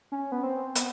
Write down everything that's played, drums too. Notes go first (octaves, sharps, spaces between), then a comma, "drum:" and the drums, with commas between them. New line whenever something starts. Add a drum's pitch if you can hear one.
C#4
B3
C4
B3, drum: hi-hat